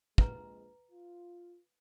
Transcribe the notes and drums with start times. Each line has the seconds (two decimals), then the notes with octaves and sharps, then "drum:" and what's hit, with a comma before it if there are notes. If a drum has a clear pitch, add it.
0.18 A#1 C3 G#3 B4 A#5, drum: kick
0.91 F4